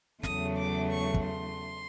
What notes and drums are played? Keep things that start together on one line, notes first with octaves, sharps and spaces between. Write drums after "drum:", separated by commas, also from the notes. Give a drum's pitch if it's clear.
E2 C#3 F#3 A3 D#6, drum: snare
D6
C#6
drum: kick
C6